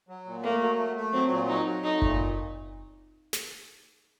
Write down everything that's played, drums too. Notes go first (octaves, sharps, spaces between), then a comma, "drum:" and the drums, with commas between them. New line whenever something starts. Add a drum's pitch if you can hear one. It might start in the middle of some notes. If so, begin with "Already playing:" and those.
F#3
A#2
A3 A#3
F#3
A3
A3
F#3 C4
A#2
F#3 D#4
F#3
A3 D#4
A#2, drum: kick F#1
drum: snare